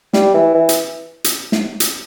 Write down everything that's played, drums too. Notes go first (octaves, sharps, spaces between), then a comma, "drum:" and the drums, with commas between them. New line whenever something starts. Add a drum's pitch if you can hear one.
G3, drum: snare
E3
E3
drum: hi-hat
drum: hi-hat
drum: snare
drum: hi-hat